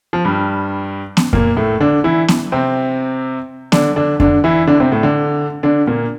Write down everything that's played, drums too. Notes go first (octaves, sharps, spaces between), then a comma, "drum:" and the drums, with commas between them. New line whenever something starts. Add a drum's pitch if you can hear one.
F3
G2 G3
drum: snare B3
A#2 A#3, drum: kick F2
A2 A3
D3 D4
E3 E4
drum: snare B3
C3 C4
D3 D4, drum: snare B3
D3 D4
D3 D4, drum: kick F2
E3 E4
D3 D4
C3 C4
A2 A3
D3 D4
D3 D4
A#2 A#3